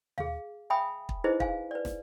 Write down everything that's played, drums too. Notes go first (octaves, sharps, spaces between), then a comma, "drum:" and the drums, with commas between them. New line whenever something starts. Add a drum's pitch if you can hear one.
G#4 F5, drum: tom D#2
E5 G5 G#5 B5 D#6
drum: kick
D#4 E4 G#4 B4 C5 D#5
F5 G#5, drum: kick
B4 D5
drum: snare